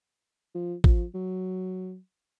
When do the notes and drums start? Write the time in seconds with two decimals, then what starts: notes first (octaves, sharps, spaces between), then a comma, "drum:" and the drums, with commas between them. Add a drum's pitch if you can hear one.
0.55 F3
0.84 F3, drum: kick
1.14 F#3